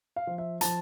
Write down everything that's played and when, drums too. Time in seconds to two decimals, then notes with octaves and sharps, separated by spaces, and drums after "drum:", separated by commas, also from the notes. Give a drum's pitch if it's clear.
0.16 F5
0.27 F3
0.38 E5
0.61 F3 A5, drum: hi-hat